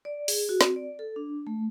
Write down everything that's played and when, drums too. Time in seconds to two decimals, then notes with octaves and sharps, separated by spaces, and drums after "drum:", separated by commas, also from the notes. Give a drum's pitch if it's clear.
0.05 D5
0.28 G#4, drum: open hi-hat
0.49 F#4
0.61 C4, drum: snare
0.76 D5
0.99 A4
1.16 D4
1.47 A3